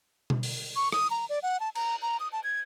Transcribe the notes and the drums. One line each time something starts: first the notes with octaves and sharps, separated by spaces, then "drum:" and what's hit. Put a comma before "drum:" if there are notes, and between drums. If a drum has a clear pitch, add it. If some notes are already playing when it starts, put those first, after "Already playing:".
drum: tom B2
drum: open hi-hat
C#6
D#6, drum: rim click
A#5
D5
F#5
A5
A#5, drum: cymbal
A#5
D#6
A5
G#6